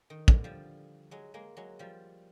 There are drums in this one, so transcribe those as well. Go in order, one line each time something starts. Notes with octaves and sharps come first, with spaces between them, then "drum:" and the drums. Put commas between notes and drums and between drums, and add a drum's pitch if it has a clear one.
D#3
D3, drum: kick
F3 G3
F#3 G#3
G#3 A#3
F#3 G#3
F3 G3